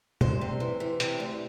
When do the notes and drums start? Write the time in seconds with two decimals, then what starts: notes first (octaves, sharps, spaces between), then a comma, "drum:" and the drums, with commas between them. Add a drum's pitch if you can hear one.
0.21 D2 C5, drum: tom
0.41 C3
0.60 E3
0.80 E3
1.00 C3, drum: hi-hat
1.20 D2